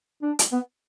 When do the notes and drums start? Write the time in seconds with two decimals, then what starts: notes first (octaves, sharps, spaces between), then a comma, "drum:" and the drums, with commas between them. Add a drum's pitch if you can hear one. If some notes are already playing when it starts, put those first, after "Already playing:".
0.22 D4
0.39 drum: hi-hat
0.52 B3